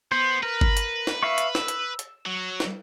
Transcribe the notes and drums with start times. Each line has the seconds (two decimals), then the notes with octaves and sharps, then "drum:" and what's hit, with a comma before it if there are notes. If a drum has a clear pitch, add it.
0.12 B3 C5
0.43 A#4 B4
0.61 drum: kick G1
0.77 drum: hi-hat
1.07 drum: snare
1.23 E5 F5 C#6
1.38 drum: hi-hat
1.55 E6, drum: snare
1.68 drum: hi-hat
1.99 drum: hi-hat
2.26 F#3
2.60 drum: snare